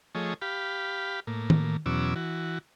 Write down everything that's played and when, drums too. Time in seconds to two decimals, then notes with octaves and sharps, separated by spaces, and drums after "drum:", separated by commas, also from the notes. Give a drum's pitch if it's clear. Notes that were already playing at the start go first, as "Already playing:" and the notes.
0.15 F3 A3 G#4 C#5 D#5
0.42 G4 F5 B5
1.27 A2 A#3
1.50 drum: tom D#3
1.86 E2 B2 F#3 C#4 D6 E6
2.16 E3 F#4